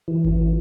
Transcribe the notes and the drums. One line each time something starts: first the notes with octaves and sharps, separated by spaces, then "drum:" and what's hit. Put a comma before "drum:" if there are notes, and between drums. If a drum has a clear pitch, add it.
E3
drum: kick G#1